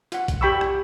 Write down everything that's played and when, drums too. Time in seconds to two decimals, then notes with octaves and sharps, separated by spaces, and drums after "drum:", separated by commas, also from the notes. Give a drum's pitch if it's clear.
0.12 F4 F#5, drum: hi-hat
0.28 drum: kick B1, hi-hat
0.41 G4 G5 B5 C#6 E6
0.61 drum: rim click